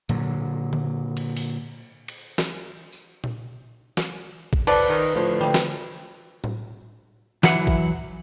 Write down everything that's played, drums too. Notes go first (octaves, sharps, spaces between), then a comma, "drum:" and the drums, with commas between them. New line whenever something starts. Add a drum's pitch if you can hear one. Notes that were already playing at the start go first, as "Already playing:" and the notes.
A#2 D3 F#3, drum: hi-hat
drum: tom D3
drum: cymbal
drum: open hi-hat
drum: cymbal
drum: snare
drum: tambourine
drum: tom A#2
drum: snare
drum: kick A1
F3 A4 B4 D5, drum: cymbal
D#3
A2 D3 F3
E3 G3, drum: tom D3
drum: snare
drum: tom A2
E3 F#3 E4 F#5, drum: snare
drum: kick A1